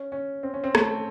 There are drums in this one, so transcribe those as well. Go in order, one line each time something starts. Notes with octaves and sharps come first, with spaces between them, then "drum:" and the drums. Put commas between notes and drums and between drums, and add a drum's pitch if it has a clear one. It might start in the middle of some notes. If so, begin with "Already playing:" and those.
Already playing: C#4
C#4
C4
C#4
C4
A3, drum: rim click